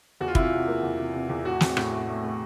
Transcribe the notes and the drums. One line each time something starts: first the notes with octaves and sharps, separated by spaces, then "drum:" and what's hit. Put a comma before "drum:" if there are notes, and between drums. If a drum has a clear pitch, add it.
E2 F#4
F4
C3 E4, drum: kick
F4
C3
A#3
E2
C3
C3
E2
A2 F#4
C4, drum: snare
A2, drum: rim click
A3
A3
A3